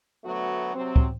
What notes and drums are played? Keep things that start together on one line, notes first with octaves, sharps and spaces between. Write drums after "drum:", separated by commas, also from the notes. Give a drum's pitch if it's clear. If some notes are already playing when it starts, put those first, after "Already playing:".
D2 F#3 A3 B3 F#4
C3 F#3 C4
drum: kick C#2